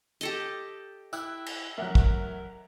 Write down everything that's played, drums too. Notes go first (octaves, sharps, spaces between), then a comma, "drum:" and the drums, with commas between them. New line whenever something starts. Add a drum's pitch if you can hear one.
G4 A4 D#5, drum: hi-hat
E4 G5 E6 F#6, drum: tambourine
drum: cymbal
A1 F#3 A#4 E5 F#5 F#6
drum: kick